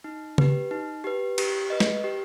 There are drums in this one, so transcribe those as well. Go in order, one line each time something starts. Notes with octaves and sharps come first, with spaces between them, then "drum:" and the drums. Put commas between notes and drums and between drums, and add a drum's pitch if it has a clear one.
D#4
G4 B4, drum: tom C#3
D#4
G4 B4
G4, drum: cymbal
B4 D#5
drum: snare
G4